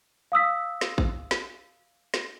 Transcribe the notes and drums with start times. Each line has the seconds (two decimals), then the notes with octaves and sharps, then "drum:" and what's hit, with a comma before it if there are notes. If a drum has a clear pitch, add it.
0.32 F5 D#6 E6 B6
0.81 drum: snare
0.98 drum: kick
1.31 drum: snare
2.14 drum: snare